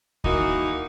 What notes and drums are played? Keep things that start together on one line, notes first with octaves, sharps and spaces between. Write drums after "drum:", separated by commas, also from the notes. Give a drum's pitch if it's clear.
E3 A#3 D#4 E4 F#4, drum: kick D2